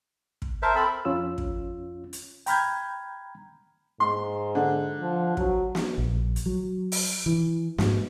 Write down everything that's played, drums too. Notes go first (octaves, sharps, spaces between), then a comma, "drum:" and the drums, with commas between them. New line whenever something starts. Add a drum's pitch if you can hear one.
drum: kick
A#4 C5 E5 A5
C4 A4 B5
F2 C#4 F4 E6
drum: kick
drum: hi-hat
G5 A#5 B5 F6 G6 G#6, drum: hi-hat
G#2 C6
D3
F3
F#3, drum: kick
drum: snare
A#1
drum: hi-hat
F#3
drum: open hi-hat
E3
G#2, drum: snare